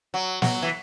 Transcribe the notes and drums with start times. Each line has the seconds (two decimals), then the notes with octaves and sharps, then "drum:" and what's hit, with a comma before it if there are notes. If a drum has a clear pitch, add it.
0.14 F#3
0.42 F#3, drum: snare
0.62 E3